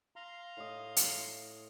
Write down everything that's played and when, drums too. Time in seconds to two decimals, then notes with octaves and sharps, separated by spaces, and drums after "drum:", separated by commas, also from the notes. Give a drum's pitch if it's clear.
0.16 F5 A#5 C6
0.57 A2 D#5
0.96 drum: hi-hat